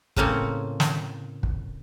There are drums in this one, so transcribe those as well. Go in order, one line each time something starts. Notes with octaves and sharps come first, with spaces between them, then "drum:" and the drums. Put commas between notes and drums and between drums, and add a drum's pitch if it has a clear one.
A2 C#3 A#3 C4 C#4, drum: kick
drum: snare
drum: kick